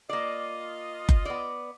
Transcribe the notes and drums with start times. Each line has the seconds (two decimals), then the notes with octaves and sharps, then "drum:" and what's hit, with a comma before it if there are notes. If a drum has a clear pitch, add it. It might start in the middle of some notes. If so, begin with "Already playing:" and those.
0.09 A#3 F4 D5 D#5
1.09 drum: kick F#1
1.25 B3 D5